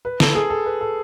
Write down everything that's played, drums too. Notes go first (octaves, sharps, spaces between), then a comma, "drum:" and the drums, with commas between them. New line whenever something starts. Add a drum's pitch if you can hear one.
B4
A4, drum: snare
G#4
A4
B4
A4